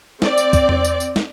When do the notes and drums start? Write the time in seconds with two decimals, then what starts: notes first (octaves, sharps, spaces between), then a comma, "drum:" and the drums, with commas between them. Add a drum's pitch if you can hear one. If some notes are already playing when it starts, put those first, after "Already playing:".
0.22 C4 D5, drum: snare
0.38 drum: tambourine
0.53 drum: kick, tambourine
0.69 drum: tom E2
0.85 drum: tambourine
1.00 drum: tambourine
1.16 drum: snare